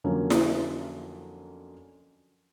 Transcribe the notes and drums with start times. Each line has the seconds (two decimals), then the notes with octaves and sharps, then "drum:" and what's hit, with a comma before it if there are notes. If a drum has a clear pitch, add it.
0.04 F2 D3 F#3 A#3 C#4
0.30 drum: snare E4